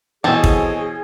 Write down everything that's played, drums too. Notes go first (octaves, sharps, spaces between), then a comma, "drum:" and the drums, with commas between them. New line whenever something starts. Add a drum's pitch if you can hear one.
B2 E3 C4 G#4 A4 C#5 D#5
drum: kick